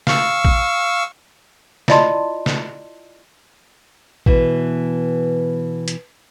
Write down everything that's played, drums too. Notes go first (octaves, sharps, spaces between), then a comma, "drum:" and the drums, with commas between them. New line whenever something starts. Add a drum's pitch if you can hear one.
F5 C#6 E6, drum: snare
drum: kick A#1
E4 F4 D5 D#5 A5 C6, drum: snare
drum: snare
B2 E3, drum: kick A#1
drum: hi-hat